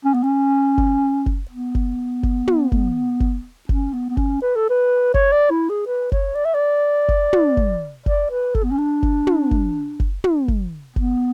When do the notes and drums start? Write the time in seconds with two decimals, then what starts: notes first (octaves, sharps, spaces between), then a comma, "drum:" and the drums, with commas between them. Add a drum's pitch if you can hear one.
0.05 C#4
0.14 B3
0.23 C#4
0.78 drum: kick F#1
1.26 drum: kick F#1
1.51 B3
1.75 drum: kick F#1
2.23 drum: kick F#1
2.47 drum: tom
2.72 drum: kick F#1
3.20 drum: kick F#1
3.69 C#4, drum: kick F#1
3.93 B3
4.10 B3
4.17 C#4, drum: kick F#1
4.42 B4
4.56 A4
4.70 B4
5.14 C#5, drum: kick F#1
5.32 D5
5.50 E4
5.70 G#4
5.87 B4
6.12 C#5, drum: kick F#1
6.35 D5
6.45 E5
6.54 D5
7.08 drum: kick F#1
7.33 drum: tom
7.57 drum: kick F#1
8.06 D5, drum: kick F#1
8.30 B4
8.55 A4, drum: kick F#1
8.64 B3
8.71 C#4
8.78 D4
9.03 drum: kick F#1
9.27 drum: tom
9.51 drum: kick F#1
10.00 drum: kick F#1
10.24 drum: tom
10.48 drum: kick F#1
10.96 B3, drum: kick F#1